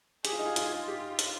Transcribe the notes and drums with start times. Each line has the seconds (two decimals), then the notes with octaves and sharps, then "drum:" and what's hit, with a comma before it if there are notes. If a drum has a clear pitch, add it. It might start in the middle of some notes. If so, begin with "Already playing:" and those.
0.25 G4 G#4, drum: hi-hat
0.33 F4
0.39 D#4
0.46 F4
0.56 F4, drum: hi-hat
0.72 F4
0.88 G4
1.19 drum: hi-hat